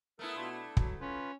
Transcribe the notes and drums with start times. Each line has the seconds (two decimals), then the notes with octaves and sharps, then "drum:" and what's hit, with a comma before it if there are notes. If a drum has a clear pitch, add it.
0.19 A3 B3 E4 A4 A#4
0.35 B2 D4 F4
0.51 D4
0.77 F#3, drum: kick
1.00 C#4 F4 B4